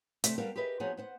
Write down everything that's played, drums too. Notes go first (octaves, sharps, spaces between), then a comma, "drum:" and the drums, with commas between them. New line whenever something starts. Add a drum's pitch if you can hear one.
C3 A3 A4 D5 E5, drum: hi-hat
G3 B3 G4 A4 A#4 F5
G4 G#4 A#4 B4 D#5 E5
F3 B3 D#4 F#4 G#4 C#5
B3 C5 F#5